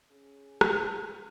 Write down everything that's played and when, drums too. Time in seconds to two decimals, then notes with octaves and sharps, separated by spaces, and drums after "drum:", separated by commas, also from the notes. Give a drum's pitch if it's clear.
0.11 C#4 G#4
0.61 drum: rim click